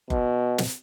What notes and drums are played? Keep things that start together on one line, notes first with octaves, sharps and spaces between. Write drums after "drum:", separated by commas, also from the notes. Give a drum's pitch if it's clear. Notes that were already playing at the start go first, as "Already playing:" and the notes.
B2, drum: kick F#1
drum: snare